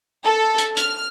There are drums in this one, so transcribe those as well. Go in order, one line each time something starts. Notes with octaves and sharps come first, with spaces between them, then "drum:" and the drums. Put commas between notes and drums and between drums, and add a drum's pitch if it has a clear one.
A4
drum: hi-hat
F6, drum: hi-hat